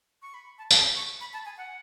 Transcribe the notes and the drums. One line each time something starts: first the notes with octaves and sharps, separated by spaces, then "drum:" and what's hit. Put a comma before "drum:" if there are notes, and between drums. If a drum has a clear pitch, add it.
C#6
B5
A5
A5, drum: tambourine
C#6
B5
A5
G#5
F#5